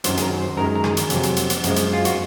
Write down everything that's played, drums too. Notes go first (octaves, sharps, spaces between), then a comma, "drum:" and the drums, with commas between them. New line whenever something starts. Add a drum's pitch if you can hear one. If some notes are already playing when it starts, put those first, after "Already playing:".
F#2 D#3 F#3 C5, drum: hi-hat
G#4, drum: hi-hat
A#4
C5
F#2 D#3 G#3 A#4
A#4
G#4, drum: rim click
drum: hi-hat
F2 C3 F#3, drum: hi-hat
drum: hi-hat
drum: hi-hat
drum: hi-hat
F#2 F3 G#3, drum: hi-hat
drum: hi-hat
F4
F#4, drum: hi-hat